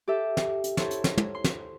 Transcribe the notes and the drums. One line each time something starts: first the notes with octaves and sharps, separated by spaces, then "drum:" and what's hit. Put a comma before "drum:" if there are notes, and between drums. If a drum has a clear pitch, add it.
G4 A4 E5
drum: snare
drum: hi-hat
E4 A4 C5 C#5, drum: snare
drum: hi-hat
drum: snare
drum: tom
C6
drum: snare